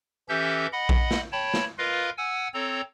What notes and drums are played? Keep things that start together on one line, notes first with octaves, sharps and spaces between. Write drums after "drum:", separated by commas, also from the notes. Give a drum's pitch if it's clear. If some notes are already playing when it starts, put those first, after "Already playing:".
E3 C#4 G4 A4 E5 G6
D#5 F#5 B5
drum: kick A#1
drum: snare
C#5 G5 A5 B5
drum: snare
F4 A#4 B4 D#5 F5
F#5 G#5 E6
C4 A4 C#5 A#5